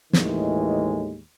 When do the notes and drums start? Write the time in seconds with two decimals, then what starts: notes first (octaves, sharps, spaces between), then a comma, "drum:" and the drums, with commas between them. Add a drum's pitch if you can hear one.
0.13 D#2 A2 D#3 E3 G#3, drum: snare